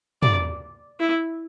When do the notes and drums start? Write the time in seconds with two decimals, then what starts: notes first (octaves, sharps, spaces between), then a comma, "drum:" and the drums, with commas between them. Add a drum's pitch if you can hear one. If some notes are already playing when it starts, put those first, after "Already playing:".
0.23 D5, drum: tom
1.00 E4